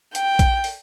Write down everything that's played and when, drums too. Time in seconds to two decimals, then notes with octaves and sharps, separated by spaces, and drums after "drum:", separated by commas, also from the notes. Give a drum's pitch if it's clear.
0.15 G5, drum: hi-hat
0.39 drum: kick A#1, hi-hat
0.64 drum: open hi-hat